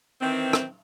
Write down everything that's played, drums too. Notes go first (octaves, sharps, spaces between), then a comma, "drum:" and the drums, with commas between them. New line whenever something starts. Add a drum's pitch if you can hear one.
D#3 E3 C4
drum: rim click